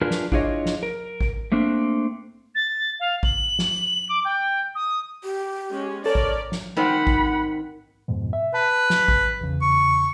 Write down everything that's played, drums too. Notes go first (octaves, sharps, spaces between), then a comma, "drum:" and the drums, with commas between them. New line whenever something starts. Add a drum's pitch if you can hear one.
D4 F4 G#4 A#4 B4
drum: snare
D4 E4 F4 G#4 C#5 D#5, drum: kick A1
drum: snare
A#4
drum: kick A1
A3 A#3 C4 D4
A6
F5
F#7, drum: kick A1
drum: snare
D6
G5
D#6
G4
G#3 C#4
C#4 A4 A#4 C#5 D5
drum: kick A1
drum: snare
D#3 C4 F#5 B5
drum: kick A1
F2 G#2 B2
E5
B4 A5
drum: snare
drum: kick A1
E2 C#3
C#6